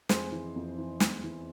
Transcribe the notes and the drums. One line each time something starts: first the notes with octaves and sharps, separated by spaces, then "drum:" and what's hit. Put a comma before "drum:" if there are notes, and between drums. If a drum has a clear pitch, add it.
F2 G#4 C5, drum: snare
E3
F2
E3
E2, drum: snare
E3